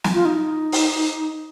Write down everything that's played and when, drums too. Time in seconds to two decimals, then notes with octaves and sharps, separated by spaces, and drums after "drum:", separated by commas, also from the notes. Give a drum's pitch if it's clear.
0.04 drum: snare
0.14 F4
0.25 D#4
0.72 drum: open hi-hat